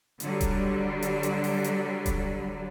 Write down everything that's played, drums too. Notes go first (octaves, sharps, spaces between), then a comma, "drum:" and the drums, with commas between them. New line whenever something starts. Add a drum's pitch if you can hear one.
D3 F#3 G3, drum: hi-hat
drum: kick D#1, hi-hat
drum: hi-hat
drum: hi-hat
drum: open hi-hat
drum: hi-hat
drum: kick D#1, hi-hat